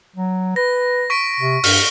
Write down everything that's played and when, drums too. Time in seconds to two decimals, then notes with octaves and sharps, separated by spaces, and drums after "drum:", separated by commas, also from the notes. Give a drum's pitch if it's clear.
0.16 F#3
0.56 B4 A#6
1.10 C#6 B6 D7
1.40 C3
1.64 G2 F6 B6 G7, drum: open hi-hat